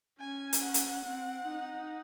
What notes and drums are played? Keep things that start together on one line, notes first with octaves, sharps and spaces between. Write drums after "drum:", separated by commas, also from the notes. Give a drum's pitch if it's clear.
C#4 G#5
drum: hi-hat
F#5
drum: hi-hat
C4
D#4